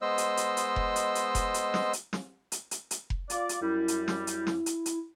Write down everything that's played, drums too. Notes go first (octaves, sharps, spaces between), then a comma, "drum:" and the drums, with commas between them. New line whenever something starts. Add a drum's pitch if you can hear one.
G#3 B3 C5 D#5 E6
drum: hi-hat
drum: hi-hat
drum: hi-hat
drum: kick F1
drum: hi-hat
drum: hi-hat
drum: kick F1, hi-hat
drum: hi-hat
drum: snare
drum: hi-hat
drum: snare
drum: hi-hat
drum: hi-hat
drum: hi-hat
drum: kick F1
F4 D5, drum: hi-hat
drum: hi-hat
F#2 G3 E4
drum: hi-hat
drum: snare
drum: hi-hat
drum: snare
drum: hi-hat
drum: hi-hat